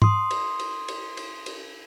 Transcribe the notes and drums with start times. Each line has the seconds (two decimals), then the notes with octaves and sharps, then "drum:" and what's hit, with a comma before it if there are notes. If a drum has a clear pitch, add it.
0.02 C6 D#6, drum: tom G#2
0.31 drum: cymbal
0.59 drum: cymbal
0.88 drum: cymbal
1.17 drum: cymbal
1.46 drum: cymbal